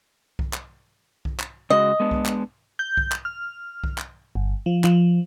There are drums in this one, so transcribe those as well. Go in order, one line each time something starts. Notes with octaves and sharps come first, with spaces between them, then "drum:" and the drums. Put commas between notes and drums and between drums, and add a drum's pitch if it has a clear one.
drum: kick B1
drum: clap
drum: kick B1
drum: clap
C#3 G#3 F#4 D#5
G#3 B3 D4
drum: kick B1
drum: clap
G6
drum: kick B1
drum: clap
F6
drum: kick B1
drum: clap
G1
F3
F3, drum: clap